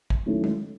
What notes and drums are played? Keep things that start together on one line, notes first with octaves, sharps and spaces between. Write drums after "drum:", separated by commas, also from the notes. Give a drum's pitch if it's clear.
drum: kick
D#3 F#3 A3 C#4 E4
drum: tom G#3